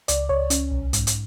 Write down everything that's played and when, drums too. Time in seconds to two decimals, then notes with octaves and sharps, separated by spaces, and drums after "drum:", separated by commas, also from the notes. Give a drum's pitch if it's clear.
0.08 C#2 D5, drum: hi-hat
0.29 C#2 C#5
0.50 C#4, drum: hi-hat
0.71 B1
0.93 G#2, drum: hi-hat
1.07 drum: hi-hat